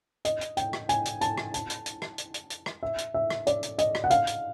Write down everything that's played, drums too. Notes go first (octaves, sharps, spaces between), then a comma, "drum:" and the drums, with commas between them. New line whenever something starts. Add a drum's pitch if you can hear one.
D#5, drum: hi-hat
drum: hi-hat
G5, drum: hi-hat
drum: rim click
G#5, drum: hi-hat
drum: hi-hat
A5, drum: hi-hat
drum: rim click
A5, drum: hi-hat
drum: hi-hat
drum: hi-hat
drum: rim click
drum: hi-hat
drum: hi-hat
drum: hi-hat
drum: rim click
E5
drum: hi-hat
E5
drum: rim click
D5, drum: hi-hat
drum: hi-hat
D#5, drum: hi-hat
drum: rim click
F#5
F5, drum: hi-hat
drum: hi-hat